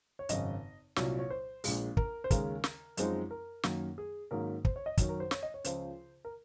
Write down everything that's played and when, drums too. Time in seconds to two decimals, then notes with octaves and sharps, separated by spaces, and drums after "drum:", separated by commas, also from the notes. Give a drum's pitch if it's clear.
0.19 C#5
0.29 G#1 F#2 C#3 D#5, drum: hi-hat
0.96 C2 A#2 F#3 C#5, drum: snare
1.19 C#5
1.30 C5
1.64 A#1 A#2 G#3, drum: open hi-hat
1.97 A#4, drum: kick
2.24 C5
2.31 D#2 C#3 G#3 A#4, drum: kick, hi-hat
2.64 drum: snare
2.97 F#2 F3 G#3 C4 D#4, drum: hi-hat
3.31 A#4
3.63 F#2 D#3 F#3 A#3, drum: snare
3.98 G#4
4.31 G#2 D#3 F#3 A#3 C#4 A#4
4.65 C5, drum: kick
4.76 C#5
4.86 D#5
4.97 F#2 D#3 F#3 C#4, drum: kick, hi-hat
5.09 A#4
5.20 C5
5.31 C#5, drum: snare
5.43 D#5
5.54 C#5
5.64 C#2 C#3 F3 C5, drum: hi-hat
6.25 A#4